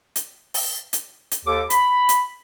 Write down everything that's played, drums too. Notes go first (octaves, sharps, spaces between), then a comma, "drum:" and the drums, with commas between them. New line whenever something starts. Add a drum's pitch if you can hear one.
drum: hi-hat
drum: open hi-hat
drum: hi-hat
drum: hi-hat
D#2 A4 D6
B5, drum: hi-hat
drum: hi-hat